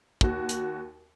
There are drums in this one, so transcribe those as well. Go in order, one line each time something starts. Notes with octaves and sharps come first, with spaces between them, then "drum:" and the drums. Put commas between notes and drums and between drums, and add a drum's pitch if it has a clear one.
D#2 F#4, drum: kick
drum: hi-hat